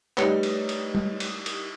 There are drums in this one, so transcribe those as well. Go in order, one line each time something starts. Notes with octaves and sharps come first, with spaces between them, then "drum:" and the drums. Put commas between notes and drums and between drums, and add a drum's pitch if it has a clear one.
G3 A3 D#4 B4 C#5, drum: clap
drum: cymbal
drum: cymbal
drum: tom
drum: cymbal
drum: cymbal